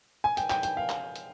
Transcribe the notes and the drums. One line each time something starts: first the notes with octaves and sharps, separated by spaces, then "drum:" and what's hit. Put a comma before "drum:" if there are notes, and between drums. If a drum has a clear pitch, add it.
G#5
G5, drum: hi-hat
G5, drum: clap
G5, drum: hi-hat
F5
drum: clap
drum: hi-hat